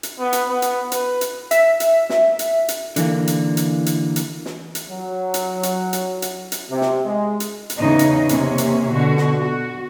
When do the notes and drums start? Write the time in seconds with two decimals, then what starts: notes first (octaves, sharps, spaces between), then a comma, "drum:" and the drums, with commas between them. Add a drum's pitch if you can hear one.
0.03 drum: hi-hat
0.19 B3
0.33 drum: hi-hat
0.49 B3
0.62 drum: hi-hat
0.92 B4, drum: hi-hat
1.21 drum: hi-hat
1.51 E5, drum: hi-hat
1.80 drum: hi-hat
2.10 drum: snare
2.39 drum: hi-hat
2.68 drum: hi-hat
2.96 D3 E3 A#3, drum: hi-hat
3.27 drum: hi-hat
3.57 drum: hi-hat
3.86 drum: hi-hat
4.16 drum: hi-hat
4.45 drum: snare
4.75 drum: hi-hat
4.89 F#3
5.34 drum: hi-hat
5.63 drum: hi-hat
5.93 drum: hi-hat
6.22 drum: hi-hat
6.52 drum: hi-hat
6.70 C3
6.81 drum: snare
7.05 G#3
7.40 drum: hi-hat
7.70 drum: hi-hat
7.79 E2 C#3 C#4 D#4 D#5
7.99 drum: hi-hat
8.29 C3 A#3 C#4, drum: hi-hat
8.58 drum: hi-hat
8.93 B2 D3 F#4
9.17 drum: snare
9.40 F#4